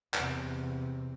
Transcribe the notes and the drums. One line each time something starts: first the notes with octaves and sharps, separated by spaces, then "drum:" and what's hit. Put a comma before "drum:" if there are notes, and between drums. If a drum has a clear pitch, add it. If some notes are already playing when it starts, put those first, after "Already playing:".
E2 C3, drum: clap